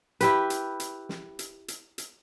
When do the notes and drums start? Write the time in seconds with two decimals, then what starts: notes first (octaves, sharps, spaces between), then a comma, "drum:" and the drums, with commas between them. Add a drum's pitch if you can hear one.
0.21 E4 G4 B4, drum: hi-hat
0.50 drum: hi-hat
0.80 drum: hi-hat
1.09 drum: snare
1.39 drum: hi-hat
1.68 drum: hi-hat
1.98 drum: hi-hat